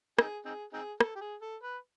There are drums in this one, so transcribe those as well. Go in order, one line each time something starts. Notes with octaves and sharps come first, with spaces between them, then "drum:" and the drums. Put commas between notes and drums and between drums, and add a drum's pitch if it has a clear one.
C4 D#4 G#4, drum: rim click
C4 D#4 G#4
C4 D#4 G#4
A4, drum: rim click
G4
G#4
A4
B4